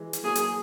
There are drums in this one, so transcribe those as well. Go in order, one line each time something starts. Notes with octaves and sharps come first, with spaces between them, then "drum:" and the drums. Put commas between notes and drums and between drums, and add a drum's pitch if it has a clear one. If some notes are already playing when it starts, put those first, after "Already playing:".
Already playing: E3 G#3
drum: hi-hat
F#3 A#3 G#4
drum: hi-hat